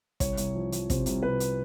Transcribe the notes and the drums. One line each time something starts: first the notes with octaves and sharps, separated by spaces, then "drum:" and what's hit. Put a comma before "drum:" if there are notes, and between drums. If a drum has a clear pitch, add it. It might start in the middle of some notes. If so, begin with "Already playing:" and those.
C2 C#5, drum: kick, hi-hat
C2, drum: hi-hat
F3
F3, drum: hi-hat
C3 C5, drum: kick, hi-hat
C2, drum: hi-hat
C3 B4
drum: hi-hat